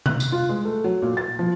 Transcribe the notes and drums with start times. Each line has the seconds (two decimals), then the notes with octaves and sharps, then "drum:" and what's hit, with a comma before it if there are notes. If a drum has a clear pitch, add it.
0.06 F#6, drum: tom C3
0.20 drum: tambourine
0.32 F4
0.49 G#3
0.65 A3
0.84 F#3
1.02 A#2
1.17 A6
1.39 F3